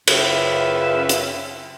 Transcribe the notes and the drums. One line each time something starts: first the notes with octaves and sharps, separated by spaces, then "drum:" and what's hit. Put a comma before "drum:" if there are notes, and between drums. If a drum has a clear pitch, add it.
F#2 C#3 F4 B4 E5, drum: cymbal
drum: hi-hat